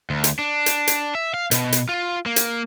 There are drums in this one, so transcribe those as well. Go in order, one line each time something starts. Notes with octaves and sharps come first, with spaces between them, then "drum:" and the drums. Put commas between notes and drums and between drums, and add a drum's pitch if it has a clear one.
D2
drum: hi-hat
D4
drum: hi-hat
drum: hi-hat
E5
F5
B2, drum: hi-hat
drum: hi-hat
F4
A#3
drum: hi-hat